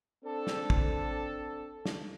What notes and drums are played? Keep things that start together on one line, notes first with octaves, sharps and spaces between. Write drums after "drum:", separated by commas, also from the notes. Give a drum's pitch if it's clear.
C4 D4 A4
drum: snare
drum: kick
drum: snare